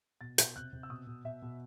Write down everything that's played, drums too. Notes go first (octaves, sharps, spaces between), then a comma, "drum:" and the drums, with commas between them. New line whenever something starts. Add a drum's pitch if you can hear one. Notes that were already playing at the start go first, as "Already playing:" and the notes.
B2 A6
B2 G6, drum: hi-hat
C3 F#6
C3
E6
B2 D#6
B2
B2 E5
B2